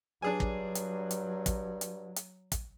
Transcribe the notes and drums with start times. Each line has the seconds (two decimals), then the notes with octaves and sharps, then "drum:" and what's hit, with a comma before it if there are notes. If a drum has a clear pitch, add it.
0.22 G2 F#3 D4 G#4 G#5
0.40 drum: kick
0.75 drum: hi-hat
1.11 drum: hi-hat
1.46 drum: kick, hi-hat
1.81 drum: hi-hat
2.16 drum: hi-hat
2.52 drum: kick, hi-hat